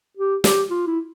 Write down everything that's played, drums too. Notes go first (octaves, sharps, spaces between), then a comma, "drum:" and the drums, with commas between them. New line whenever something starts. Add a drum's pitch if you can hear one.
G4
G4, drum: snare
F4
E4